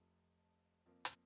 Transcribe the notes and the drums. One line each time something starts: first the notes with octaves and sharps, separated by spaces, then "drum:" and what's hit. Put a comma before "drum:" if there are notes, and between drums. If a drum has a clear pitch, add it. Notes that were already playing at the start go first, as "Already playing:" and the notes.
Already playing: F1 F2 F3
F2 F3 A#3
drum: hi-hat